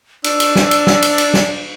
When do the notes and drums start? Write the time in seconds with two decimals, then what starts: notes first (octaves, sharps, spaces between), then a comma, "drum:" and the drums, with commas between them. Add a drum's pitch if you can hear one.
0.24 D4 E6, drum: cymbal
0.40 drum: cymbal
0.56 drum: snare
0.71 drum: cymbal
0.87 drum: snare
1.02 drum: cymbal
1.18 drum: cymbal
1.34 drum: snare